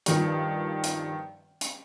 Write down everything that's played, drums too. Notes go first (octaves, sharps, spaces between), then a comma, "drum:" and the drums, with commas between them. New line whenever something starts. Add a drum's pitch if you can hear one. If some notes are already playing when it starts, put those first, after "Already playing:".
G2 D#3 F3, drum: hi-hat
drum: hi-hat
drum: hi-hat